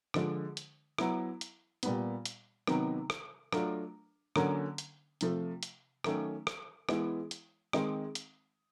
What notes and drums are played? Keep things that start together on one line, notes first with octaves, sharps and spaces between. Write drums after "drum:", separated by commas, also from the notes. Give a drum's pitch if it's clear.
D3 F3 G#3, drum: rim click
drum: hi-hat
F#3 B3 E4, drum: rim click
drum: hi-hat
A#2 G3 B3, drum: hi-hat
drum: hi-hat
C3 D#3 F#3 B3 D#4, drum: rim click
drum: rim click
F#3 A3 D4 F4, drum: rim click
D3 F#3 A#3 C#4, drum: rim click
drum: hi-hat
C3 F3 A3, drum: hi-hat
drum: hi-hat
D#3 F#3 A3 C#4, drum: rim click
drum: rim click
E3 G#3 B3 E4, drum: rim click
drum: hi-hat
D#3 G#3 C4 D#4, drum: rim click
drum: hi-hat